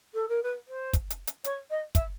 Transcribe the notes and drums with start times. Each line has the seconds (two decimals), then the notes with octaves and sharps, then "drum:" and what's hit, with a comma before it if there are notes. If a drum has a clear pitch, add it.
0.14 A4
0.28 A#4
0.43 B4
0.68 C5
0.93 drum: kick, hi-hat
1.10 drum: hi-hat
1.27 drum: hi-hat
1.44 C#5, drum: hi-hat
1.70 D#5
1.95 E5, drum: kick, hi-hat